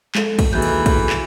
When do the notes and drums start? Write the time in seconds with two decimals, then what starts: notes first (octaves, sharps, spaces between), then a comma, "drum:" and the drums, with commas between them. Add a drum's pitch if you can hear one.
0.15 G#3 A4, drum: clap
0.39 drum: kick, cymbal
0.53 D#2 E3 F#4 G#4 A4 G6
0.62 drum: cymbal
0.86 drum: kick, cymbal
1.10 drum: clap